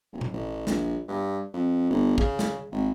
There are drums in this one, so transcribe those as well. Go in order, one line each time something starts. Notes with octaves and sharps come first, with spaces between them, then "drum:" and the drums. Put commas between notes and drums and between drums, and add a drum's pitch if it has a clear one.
D#1
drum: tom A#2
A1
A#1, drum: snare
G2
F2
G1
C#3, drum: kick
drum: snare
G#1